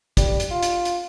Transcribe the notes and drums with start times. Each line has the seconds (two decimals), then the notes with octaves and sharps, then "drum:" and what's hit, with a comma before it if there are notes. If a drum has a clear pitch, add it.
0.17 G3, drum: kick, hi-hat
0.40 drum: hi-hat
0.51 F4
0.63 drum: hi-hat
0.85 drum: hi-hat